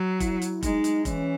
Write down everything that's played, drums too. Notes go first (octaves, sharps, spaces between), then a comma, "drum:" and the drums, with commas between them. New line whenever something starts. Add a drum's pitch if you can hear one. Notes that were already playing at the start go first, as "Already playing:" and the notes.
Already playing: F#3
E4, drum: kick F1, hi-hat
drum: hi-hat
G#3 D#4, drum: kick F1, hi-hat
drum: hi-hat
E3 C#4, drum: kick F1, hi-hat